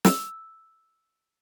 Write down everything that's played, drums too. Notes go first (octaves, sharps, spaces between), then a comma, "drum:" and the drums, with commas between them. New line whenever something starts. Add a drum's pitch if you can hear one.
E6, drum: snare